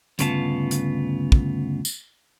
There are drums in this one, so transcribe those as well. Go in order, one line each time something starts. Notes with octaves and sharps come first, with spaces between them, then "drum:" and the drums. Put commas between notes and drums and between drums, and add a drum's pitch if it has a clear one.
D2 G2 C#3 B3 F4 A5, drum: hi-hat
drum: hi-hat
drum: kick
drum: tambourine